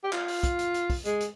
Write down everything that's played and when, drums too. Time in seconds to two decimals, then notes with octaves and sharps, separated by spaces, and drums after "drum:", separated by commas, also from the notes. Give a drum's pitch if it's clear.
0.04 G4
0.13 F4, drum: clap
0.28 drum: open hi-hat
0.43 drum: kick, hi-hat
0.59 drum: hi-hat
0.74 drum: hi-hat
0.90 drum: kick, open hi-hat
1.05 G#3, drum: hi-hat
1.20 drum: hi-hat